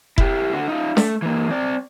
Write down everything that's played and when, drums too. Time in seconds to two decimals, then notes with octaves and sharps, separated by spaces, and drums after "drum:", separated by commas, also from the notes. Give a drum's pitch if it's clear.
0.18 E4 G4, drum: kick F1
0.53 D3 F#4
0.68 D#4 F4
0.97 A3, drum: snare
1.22 E3 A#3
1.50 C4 D5